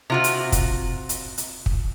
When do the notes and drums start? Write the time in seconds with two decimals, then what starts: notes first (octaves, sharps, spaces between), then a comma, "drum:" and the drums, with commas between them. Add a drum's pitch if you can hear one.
0.10 C3 F4 F#4
0.24 drum: hi-hat
0.52 drum: kick, hi-hat
1.09 drum: hi-hat
1.38 drum: hi-hat
1.66 drum: kick